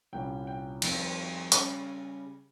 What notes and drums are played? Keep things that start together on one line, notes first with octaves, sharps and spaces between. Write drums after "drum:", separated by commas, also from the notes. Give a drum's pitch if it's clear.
C2 A#2 G3 C#4 G5
G5
F2 D#3 G3 C4, drum: cymbal
C#3 G3 C#4 C#6, drum: hi-hat